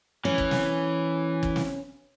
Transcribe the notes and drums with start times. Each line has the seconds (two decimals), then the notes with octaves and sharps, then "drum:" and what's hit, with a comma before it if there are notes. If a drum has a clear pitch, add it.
0.25 E3 C#4
0.38 drum: kick
0.51 drum: snare
1.43 drum: kick
1.56 drum: snare